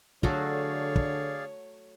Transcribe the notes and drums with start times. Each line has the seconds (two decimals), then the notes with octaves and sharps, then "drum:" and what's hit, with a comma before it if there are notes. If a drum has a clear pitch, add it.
0.23 D3 F#3 A3 F#4 G#4 C#5 D5 F5, drum: kick
0.96 drum: kick